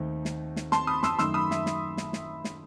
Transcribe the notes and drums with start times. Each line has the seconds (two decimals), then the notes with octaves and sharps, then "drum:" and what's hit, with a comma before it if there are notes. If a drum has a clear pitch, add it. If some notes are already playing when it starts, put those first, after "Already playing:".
Already playing: D#2 D#3 A3 C4 D#4
0.25 drum: snare
0.56 drum: snare
0.72 A5 C6, drum: snare
0.87 B5 D#6
1.03 C6 E6, drum: snare
1.18 F#2 D#3 A3 D#4 C6 E6, drum: snare
1.34 B5 D#6
1.51 E5, drum: snare
1.66 drum: snare
1.97 drum: snare
2.13 drum: snare
2.44 drum: snare